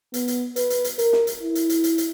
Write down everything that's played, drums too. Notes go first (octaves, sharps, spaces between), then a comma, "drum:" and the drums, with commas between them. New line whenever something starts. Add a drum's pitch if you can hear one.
B3, drum: hi-hat
drum: hi-hat
B4, drum: hi-hat
drum: hi-hat
drum: hi-hat
A#4, drum: hi-hat
drum: snare
drum: hi-hat
E4
drum: hi-hat
drum: hi-hat
drum: hi-hat
drum: hi-hat